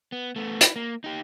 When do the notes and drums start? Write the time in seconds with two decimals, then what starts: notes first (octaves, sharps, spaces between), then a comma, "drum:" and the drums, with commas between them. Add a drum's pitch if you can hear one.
0.12 B3
0.36 A3 B3
0.61 E4, drum: hi-hat
0.76 A#3
1.04 D#4 G4